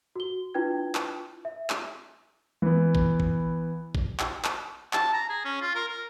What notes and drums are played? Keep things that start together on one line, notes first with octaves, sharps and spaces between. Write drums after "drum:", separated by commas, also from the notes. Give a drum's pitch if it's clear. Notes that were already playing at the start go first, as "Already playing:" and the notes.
F#4 G7
D4 E4 F4 B4 G5 G#6
drum: clap
E5
drum: clap
E3 B3
drum: kick A1
drum: kick A1
drum: kick A1
drum: clap
drum: clap
A5, drum: clap
A#5
G#4
C#4
F4
A#4
A#4